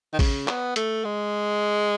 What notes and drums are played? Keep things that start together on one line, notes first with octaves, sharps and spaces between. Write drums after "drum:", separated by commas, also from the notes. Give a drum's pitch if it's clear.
D#3
C#3, drum: kick, open hi-hat
B3, drum: clap
A3, drum: hi-hat
G#3